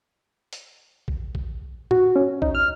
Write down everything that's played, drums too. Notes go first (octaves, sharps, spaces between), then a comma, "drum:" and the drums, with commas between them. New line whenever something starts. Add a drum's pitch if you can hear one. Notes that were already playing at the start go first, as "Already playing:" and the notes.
drum: hi-hat
drum: kick A#1
drum: kick A#1
F#4, drum: tom A2
C#4
D#4, drum: kick A#1
F6